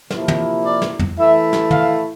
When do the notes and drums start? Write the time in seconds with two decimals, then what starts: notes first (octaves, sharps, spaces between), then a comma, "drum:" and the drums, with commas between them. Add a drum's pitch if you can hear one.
0.11 C3 F3 A#3 E4, drum: snare
0.28 drum: tom
0.64 D5
0.82 drum: snare
0.99 drum: tom
1.17 E3 A3 E4 E5
1.53 drum: snare
1.71 F5, drum: tom